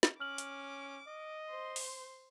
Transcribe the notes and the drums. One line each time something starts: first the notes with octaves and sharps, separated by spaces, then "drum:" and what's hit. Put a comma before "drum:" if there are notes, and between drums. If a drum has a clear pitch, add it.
drum: snare
C#4 D6 F6 F#7
drum: hi-hat
D#5
C5 C6
drum: open hi-hat